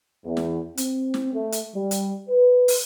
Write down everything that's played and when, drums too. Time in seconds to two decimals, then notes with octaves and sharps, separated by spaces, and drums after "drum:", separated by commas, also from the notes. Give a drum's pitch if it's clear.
0.25 E2
0.37 drum: snare
0.77 C4, drum: hi-hat
1.14 drum: snare
1.33 A3
1.52 drum: hi-hat
1.75 G3
1.91 drum: hi-hat
2.29 B4
2.68 drum: open hi-hat